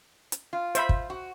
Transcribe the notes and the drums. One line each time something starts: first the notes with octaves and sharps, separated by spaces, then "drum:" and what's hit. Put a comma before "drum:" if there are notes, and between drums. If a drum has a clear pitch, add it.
drum: hi-hat
F4
C5 E5 B5, drum: hi-hat
drum: kick
F#4